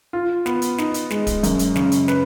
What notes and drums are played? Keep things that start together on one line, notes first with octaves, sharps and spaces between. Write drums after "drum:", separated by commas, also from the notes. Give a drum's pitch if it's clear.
F4
B3, drum: snare
drum: hi-hat
D#4, drum: snare
drum: hi-hat
G#3, drum: snare
drum: kick D1, hi-hat
F#2, drum: hi-hat
drum: hi-hat
C#3, drum: snare
drum: hi-hat
B4, drum: snare